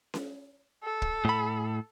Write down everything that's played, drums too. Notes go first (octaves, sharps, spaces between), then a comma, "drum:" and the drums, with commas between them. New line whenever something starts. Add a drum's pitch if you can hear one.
drum: snare C#4
A4
drum: kick
A2 B5